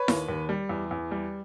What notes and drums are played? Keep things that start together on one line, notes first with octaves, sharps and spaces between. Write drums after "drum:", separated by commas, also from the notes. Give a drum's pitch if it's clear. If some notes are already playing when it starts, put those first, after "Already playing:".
Already playing: B4 C#5
D#2, drum: snare E4
D#2
G3
E2
E2
G3